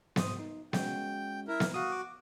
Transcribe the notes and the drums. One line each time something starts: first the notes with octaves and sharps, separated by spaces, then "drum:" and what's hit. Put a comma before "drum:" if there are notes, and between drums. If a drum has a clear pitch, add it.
G#2 C5 D#6, drum: snare B3
D#4
G#3 C#4 F#4 G5, drum: snare B3
E4 A#4
drum: snare B3
F#4 F5 D#6
D6